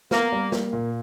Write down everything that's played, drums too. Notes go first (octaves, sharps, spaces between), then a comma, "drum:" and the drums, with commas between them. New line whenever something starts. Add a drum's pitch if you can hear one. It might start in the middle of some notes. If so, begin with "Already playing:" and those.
A#3 B3, drum: snare
G3
A#3, drum: snare
A#2